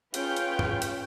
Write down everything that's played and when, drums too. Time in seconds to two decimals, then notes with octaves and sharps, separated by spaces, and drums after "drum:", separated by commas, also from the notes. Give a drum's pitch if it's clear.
0.14 C#4 F4 G#4 B4 F5 G5, drum: hi-hat
0.37 drum: hi-hat
0.59 drum: tom
0.82 drum: hi-hat